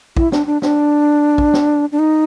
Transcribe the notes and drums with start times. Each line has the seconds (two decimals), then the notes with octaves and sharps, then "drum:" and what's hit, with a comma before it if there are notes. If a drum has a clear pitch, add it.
0.17 E4, drum: kick
0.32 D4, drum: snare
0.46 D4
0.62 D4, drum: snare
1.38 drum: kick
1.53 drum: snare
1.92 D4
1.99 D#4